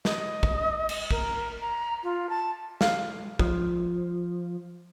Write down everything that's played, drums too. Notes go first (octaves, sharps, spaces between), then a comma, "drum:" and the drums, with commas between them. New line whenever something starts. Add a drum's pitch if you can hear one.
D#5, drum: snare
drum: kick
drum: cymbal
A#4, drum: kick
A#5
F4
A5
F5, drum: snare
F3, drum: kick